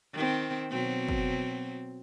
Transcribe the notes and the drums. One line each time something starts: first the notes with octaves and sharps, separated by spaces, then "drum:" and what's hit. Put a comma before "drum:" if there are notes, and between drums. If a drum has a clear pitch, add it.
D#3 C4
B2 F#3 C4
drum: kick